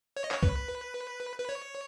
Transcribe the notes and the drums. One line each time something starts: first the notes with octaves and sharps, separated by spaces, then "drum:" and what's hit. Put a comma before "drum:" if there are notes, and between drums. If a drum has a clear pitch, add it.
C#5
D#5
C#5, drum: clap
B4, drum: kick C2
B4
C#5